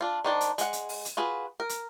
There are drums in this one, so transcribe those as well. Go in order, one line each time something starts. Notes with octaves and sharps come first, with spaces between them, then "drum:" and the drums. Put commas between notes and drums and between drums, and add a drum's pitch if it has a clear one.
D4 F4
D#3 D4 C5 D5
drum: hi-hat
G#3 F#5, drum: hi-hat
drum: hi-hat
drum: open hi-hat
drum: hi-hat
F4 F#4 G#4 B4
A#4
drum: hi-hat